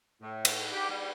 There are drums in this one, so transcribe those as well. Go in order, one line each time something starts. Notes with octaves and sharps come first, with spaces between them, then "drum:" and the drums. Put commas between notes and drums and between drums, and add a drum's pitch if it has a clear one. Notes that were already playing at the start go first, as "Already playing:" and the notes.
A2
drum: cymbal
G4
G3